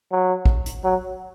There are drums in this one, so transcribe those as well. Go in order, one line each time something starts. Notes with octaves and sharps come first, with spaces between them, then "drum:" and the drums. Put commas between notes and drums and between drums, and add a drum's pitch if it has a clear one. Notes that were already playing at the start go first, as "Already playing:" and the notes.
F#3
drum: kick
drum: hi-hat
F#3